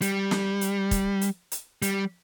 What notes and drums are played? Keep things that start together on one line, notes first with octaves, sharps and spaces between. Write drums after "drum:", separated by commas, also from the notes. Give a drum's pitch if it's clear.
G3, drum: hi-hat
drum: snare
drum: hi-hat
drum: kick, hi-hat
drum: hi-hat
drum: hi-hat
G3, drum: hi-hat